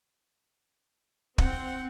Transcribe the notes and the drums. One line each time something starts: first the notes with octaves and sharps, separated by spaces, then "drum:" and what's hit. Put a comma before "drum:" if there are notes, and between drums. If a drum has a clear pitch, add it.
C4 F#5 G5, drum: kick